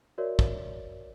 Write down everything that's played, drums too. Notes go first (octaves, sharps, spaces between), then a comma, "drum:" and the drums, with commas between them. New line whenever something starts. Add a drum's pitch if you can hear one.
F#4 A#4 C#5 D5 E5
drum: kick